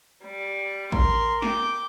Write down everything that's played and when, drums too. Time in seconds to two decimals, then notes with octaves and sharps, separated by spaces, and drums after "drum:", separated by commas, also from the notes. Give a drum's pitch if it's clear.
0.25 G3
0.92 A#4 C6, drum: kick A1
1.42 G5 D6, drum: snare